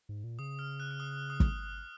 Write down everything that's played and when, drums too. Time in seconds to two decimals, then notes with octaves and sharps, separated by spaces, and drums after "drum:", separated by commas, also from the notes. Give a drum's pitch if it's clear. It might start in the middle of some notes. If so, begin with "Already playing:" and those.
0.09 G#2
0.24 A#2
0.39 C#3 D#6
0.59 F6
0.80 F#6
0.91 F6
1.00 D#6
1.30 D#6
1.40 drum: kick